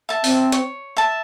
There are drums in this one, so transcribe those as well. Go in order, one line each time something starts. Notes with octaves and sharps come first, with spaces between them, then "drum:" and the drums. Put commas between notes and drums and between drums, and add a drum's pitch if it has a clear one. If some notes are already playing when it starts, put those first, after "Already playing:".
E5 A5
C4, drum: open hi-hat
C#5, drum: hi-hat
E5 A5